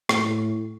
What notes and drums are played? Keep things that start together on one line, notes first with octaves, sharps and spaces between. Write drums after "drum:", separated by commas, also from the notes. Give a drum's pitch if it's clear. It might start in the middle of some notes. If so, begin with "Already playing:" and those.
A2, drum: rim click